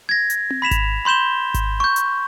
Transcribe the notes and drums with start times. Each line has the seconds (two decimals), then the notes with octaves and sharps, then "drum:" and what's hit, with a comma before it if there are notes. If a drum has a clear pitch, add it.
0.09 G#6 A#6
0.30 drum: hi-hat
0.50 drum: tom C4
0.62 B5 B6 E7 F7
0.71 drum: kick G#1, hi-hat
1.05 B5 C6 G6 E7 G7
1.54 drum: kick G#1, hi-hat
1.80 C#6 G6
1.96 drum: hi-hat